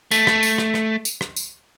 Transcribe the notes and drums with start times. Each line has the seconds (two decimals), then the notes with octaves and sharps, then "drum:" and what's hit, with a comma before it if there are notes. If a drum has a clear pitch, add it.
0.11 A3, drum: tambourine
0.27 drum: rim click
0.43 drum: tambourine
0.58 drum: rim click
0.74 drum: rim click
1.05 drum: tambourine
1.21 drum: rim click
1.36 drum: tambourine